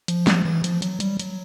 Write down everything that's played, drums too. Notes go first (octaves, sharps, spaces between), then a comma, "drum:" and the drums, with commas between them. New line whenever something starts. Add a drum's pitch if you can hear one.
F3, drum: hi-hat
drum: snare
E3
F3, drum: hi-hat
F#3, drum: hi-hat
G3, drum: hi-hat
F#3, drum: hi-hat